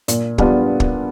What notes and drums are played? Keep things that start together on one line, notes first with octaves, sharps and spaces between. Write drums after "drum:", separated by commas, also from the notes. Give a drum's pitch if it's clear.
A#2, drum: hi-hat
G3 B3 D4 F4, drum: kick
drum: kick